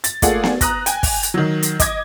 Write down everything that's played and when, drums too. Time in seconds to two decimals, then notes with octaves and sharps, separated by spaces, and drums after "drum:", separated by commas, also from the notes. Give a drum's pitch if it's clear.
0.04 A6, drum: hi-hat
0.22 A3 A#3 F4 G#4 D5 F#5, drum: kick, hi-hat
0.44 drum: snare B3
0.61 A#5 D#6 F#6 A#6, drum: kick, hi-hat
0.86 G5 G#5, drum: hi-hat
1.03 drum: kick, open hi-hat
1.23 drum: hi-hat
1.34 D#3 F#3
1.63 drum: hi-hat
1.80 D#5 D6 G#6, drum: kick, hi-hat